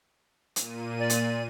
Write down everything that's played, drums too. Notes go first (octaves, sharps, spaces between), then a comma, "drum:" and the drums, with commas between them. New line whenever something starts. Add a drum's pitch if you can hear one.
A#2 D#7, drum: hi-hat
D5
drum: hi-hat